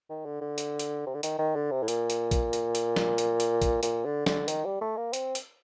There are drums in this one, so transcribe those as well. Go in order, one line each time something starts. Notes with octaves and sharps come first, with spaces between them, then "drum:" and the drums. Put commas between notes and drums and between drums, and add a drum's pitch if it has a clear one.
D#3
D3
D3
drum: hi-hat
drum: hi-hat
C3
D3
D#3, drum: hi-hat
D#3
D3
C3
A2
A#2, drum: hi-hat
drum: hi-hat
drum: kick, hi-hat
drum: hi-hat
drum: hi-hat
drum: snare
drum: hi-hat
drum: hi-hat
drum: kick, hi-hat
A#2, drum: hi-hat
D3
D3, drum: snare
D#3, drum: hi-hat
G3
A3
A#3
C4, drum: hi-hat
drum: hi-hat